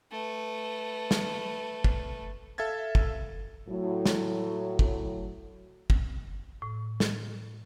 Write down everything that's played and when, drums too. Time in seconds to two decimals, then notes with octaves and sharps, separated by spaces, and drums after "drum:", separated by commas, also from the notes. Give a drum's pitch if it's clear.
0.11 A3 B4
1.11 drum: snare
1.84 drum: kick
2.58 A4 E5 F5 G#6 A6
2.95 drum: kick
3.69 A2 F#3
4.06 drum: snare
4.79 drum: kick
5.90 drum: kick
6.62 A2
7.00 drum: snare